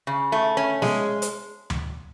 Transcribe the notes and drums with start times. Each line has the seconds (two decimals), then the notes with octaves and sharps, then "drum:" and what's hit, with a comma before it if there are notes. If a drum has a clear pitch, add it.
0.07 C#3
0.32 A3
0.57 C#4
0.82 G#3, drum: snare
1.22 drum: hi-hat
1.70 drum: tom D2